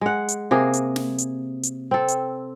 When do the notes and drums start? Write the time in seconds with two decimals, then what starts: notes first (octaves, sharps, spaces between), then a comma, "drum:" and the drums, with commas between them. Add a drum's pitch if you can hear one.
0.01 G#3 F#5
0.28 drum: hi-hat
0.51 C3 A#3 G#4
0.73 drum: hi-hat
0.96 drum: snare
1.18 drum: hi-hat
1.63 drum: hi-hat
1.91 C4 A4
2.08 drum: hi-hat